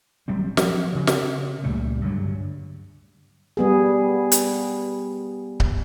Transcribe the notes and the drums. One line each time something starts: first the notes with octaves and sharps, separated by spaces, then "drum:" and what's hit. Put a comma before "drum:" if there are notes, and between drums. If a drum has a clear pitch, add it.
D#1 F#3 G3 C4
F3 F#3 B3, drum: snare
C#3
drum: snare
C#2 A#2 G3 A3
G2 D3 F#3
G3 B3 G#4
drum: hi-hat
drum: kick C#1